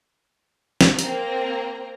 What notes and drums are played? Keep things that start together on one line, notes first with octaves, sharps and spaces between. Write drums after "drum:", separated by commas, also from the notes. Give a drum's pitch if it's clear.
drum: snare
A#3 C4 A#5, drum: hi-hat